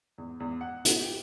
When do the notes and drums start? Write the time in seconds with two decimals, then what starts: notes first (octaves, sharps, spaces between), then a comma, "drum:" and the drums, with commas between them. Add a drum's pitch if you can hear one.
0.18 E2
0.40 E2
0.61 F#5
0.85 B2, drum: hi-hat
1.01 G4